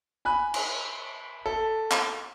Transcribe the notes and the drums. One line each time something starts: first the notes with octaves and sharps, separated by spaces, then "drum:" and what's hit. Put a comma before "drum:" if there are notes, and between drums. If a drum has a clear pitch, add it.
G#5 B5 F#6
drum: cymbal
A4
drum: clap